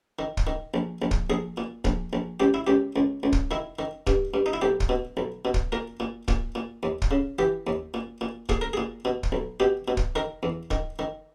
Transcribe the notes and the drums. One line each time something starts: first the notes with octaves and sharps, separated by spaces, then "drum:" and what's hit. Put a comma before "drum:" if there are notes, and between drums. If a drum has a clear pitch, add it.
D#3
drum: kick
D#3
A#1
A#1
drum: kick
A#1 G#4
A#2
A#1, drum: kick
A#1
C#2 G4
E4
C#2 G4
C#2
C#2
drum: kick
D#3 E4
D#3
G2, drum: kick
G2
D#4
E4
B1 G4
drum: kick
B2
B1
B2
drum: kick
A#2 A#4
A#2
A#2, drum: kick
A#2
D#2
drum: kick
C#3
E3 G4
D#2
A#2
A#2
A#2 G#4, drum: kick
A#4
A#2 G#4
B2
drum: kick
B1
B2 G4
B2
drum: kick
D#3 A#4
E2
D#3, drum: kick
D#3